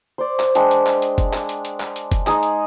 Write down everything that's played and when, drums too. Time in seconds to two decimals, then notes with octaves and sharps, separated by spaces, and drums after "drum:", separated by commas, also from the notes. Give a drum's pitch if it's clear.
0.18 C5 D5
0.40 drum: clap
0.55 G#3 D4 G5, drum: hi-hat
0.71 drum: hi-hat
0.87 drum: clap
1.02 drum: hi-hat
1.18 drum: kick F#1, hi-hat
1.34 drum: clap
1.49 drum: hi-hat
1.65 drum: hi-hat
1.80 drum: clap
1.96 drum: hi-hat
2.12 drum: kick F#1, hi-hat
2.27 G#3 D#4 G#4, drum: clap
2.43 drum: hi-hat